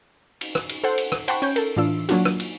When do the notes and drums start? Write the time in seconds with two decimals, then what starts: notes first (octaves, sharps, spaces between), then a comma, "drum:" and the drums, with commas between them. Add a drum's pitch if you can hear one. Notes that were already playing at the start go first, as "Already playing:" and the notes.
0.41 drum: cymbal
0.55 drum: rim click
0.69 drum: cymbal
0.84 A4 C5 F#5
0.98 drum: cymbal
1.12 drum: rim click
1.28 C5 F#5 G5 A5 B5 C#6, drum: cymbal
1.42 C#4 G6
1.56 A4 A#4, drum: cymbal
1.77 A2 E3 D4 F4 E6
2.09 F#3 A#3 D4 F4 F#4, drum: cymbal
2.25 drum: rim click
2.40 drum: cymbal